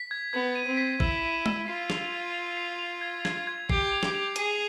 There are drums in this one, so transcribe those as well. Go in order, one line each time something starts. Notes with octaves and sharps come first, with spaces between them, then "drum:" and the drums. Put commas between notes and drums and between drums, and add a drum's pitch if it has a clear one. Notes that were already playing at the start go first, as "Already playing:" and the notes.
Already playing: B6
G#6
B3 G#6
D#7
C4
B6
E4 E6, drum: kick A1
D#7
E6, drum: tom G#3
F4 C7
F7, drum: snare
G#6
F7
C7
F7
G#6
G#6, drum: snare
G#6
G4 C7, drum: kick A1
F7
G4, drum: snare
F7
G#4 D#7, drum: hi-hat